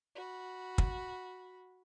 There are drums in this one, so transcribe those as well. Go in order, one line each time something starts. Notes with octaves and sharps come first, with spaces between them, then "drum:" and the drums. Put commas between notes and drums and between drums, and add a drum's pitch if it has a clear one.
F#4 B5
drum: kick